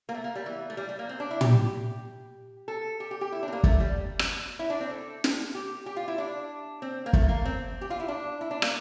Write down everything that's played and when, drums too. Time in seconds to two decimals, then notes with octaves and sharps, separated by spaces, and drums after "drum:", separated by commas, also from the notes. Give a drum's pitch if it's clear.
0.09 A#3
0.14 A3
0.24 A#3
0.35 G3
0.46 E3
0.70 A3
0.77 G3
0.89 G3
0.99 A#3
1.09 C4
1.20 D4
1.31 E4
1.41 G4, drum: tom
2.68 A4
3.00 G4
3.11 G4
3.21 G4
3.32 E4
3.43 D4
3.48 C4
3.52 A#3
3.63 A3, drum: kick
3.80 G3
4.19 drum: rim click
4.59 E4
4.70 D4
4.80 C4
4.91 A4
5.24 drum: snare
5.55 G4
5.86 G4
5.96 F4
6.08 E4
6.18 D4
6.82 C4
7.06 A#3
7.13 A3, drum: kick
7.29 A#3
7.45 C4
7.81 G4
7.90 F4
8.00 E4
8.08 D4
8.41 E4
8.51 D4
8.62 A#3, drum: rim click